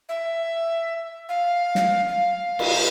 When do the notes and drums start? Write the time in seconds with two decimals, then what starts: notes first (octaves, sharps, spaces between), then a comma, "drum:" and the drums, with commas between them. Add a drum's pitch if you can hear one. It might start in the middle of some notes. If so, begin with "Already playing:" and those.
0.09 E5
1.29 F5
1.75 drum: snare
2.08 F5
2.59 drum: cymbal